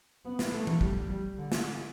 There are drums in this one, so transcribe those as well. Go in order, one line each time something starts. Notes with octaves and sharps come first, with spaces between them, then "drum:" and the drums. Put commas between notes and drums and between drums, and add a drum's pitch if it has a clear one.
B3
drum: snare
A3
drum: tom E3
G3, drum: kick
G3
D3
drum: snare